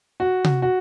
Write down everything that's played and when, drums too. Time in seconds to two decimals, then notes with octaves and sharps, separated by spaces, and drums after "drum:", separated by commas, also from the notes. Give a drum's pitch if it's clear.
0.20 F#4
0.44 drum: tom C3
0.62 F#4